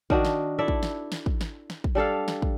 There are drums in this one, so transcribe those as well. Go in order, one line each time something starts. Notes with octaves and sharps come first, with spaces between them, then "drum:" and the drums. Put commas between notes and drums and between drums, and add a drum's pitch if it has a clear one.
D#3 D4 F#4, drum: kick
drum: snare
E4 A4 D5 E5
drum: kick
drum: snare
drum: snare
drum: kick
drum: snare
drum: snare
drum: kick
G3 D4 A4 F5
drum: snare
drum: kick